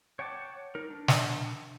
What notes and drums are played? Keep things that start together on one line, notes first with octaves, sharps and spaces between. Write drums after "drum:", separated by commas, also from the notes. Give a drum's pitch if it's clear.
C#5 F#5 G5 A5 D6
D#4 A#4
D4
drum: snare